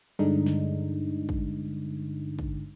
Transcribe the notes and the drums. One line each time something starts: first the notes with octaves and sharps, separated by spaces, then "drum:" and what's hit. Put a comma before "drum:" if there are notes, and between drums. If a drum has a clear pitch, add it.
G2 D3 G#3 D4 D#4
drum: snare
drum: kick
drum: kick